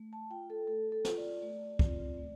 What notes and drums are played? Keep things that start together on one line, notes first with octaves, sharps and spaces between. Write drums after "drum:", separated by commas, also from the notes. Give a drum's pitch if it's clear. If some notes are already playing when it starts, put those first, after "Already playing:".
Already playing: A3
A5
F4 G5
A4
A3 A4
A4
F4, drum: snare
D5
A3
C4 F4, drum: kick
A3